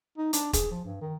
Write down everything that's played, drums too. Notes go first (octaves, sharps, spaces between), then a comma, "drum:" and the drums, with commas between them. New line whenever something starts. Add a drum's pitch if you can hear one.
D#4
D4, drum: hi-hat
G#4, drum: kick E1, hi-hat
F3
G2
D#3